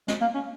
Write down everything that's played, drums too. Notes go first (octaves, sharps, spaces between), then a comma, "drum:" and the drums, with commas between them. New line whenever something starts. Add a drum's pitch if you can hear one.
G#3, drum: snare
A#3
C#4